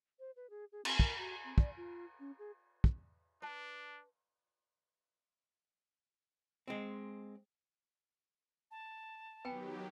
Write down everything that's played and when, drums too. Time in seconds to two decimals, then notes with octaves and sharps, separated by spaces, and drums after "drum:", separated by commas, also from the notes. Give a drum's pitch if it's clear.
0.19 C5
0.36 B4
0.50 G#4
0.72 G#4
0.85 C4, drum: cymbal
1.00 A#4, drum: kick
1.18 F#4
1.44 C4
1.58 D5, drum: kick
1.77 F4
2.20 C#4
2.39 G#4
2.84 drum: kick
3.42 D4 B4 A5
6.68 G#3 C4
8.71 A5
9.45 D#3 F#3 B3 G4 B4 G5 G#5